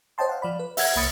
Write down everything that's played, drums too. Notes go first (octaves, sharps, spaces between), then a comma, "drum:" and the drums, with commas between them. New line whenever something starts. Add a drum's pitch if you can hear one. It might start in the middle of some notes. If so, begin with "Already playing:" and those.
C5 C#5 D#5 G5 A5 C6
F5 F#5
F3 D5 B5
B4
E5 F#5 G#6, drum: open hi-hat
C2 A#3 B5 D#6 A6 C#7